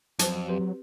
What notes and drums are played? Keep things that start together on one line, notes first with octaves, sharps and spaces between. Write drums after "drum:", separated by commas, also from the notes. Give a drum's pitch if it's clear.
F2 F#3 C5 A5, drum: hi-hat
C4 G4 B4